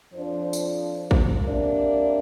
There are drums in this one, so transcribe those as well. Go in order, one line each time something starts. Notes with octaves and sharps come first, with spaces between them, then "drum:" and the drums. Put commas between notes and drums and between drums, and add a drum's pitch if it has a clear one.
F2 F3 D4 C5
drum: tambourine
C5, drum: kick
C3 A#3 D4